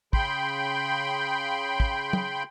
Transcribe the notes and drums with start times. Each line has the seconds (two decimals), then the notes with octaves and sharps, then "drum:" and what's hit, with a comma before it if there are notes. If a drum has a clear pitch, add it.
0.13 C#3 G5 B5 C6 G6, drum: kick
1.80 drum: kick
2.13 drum: tom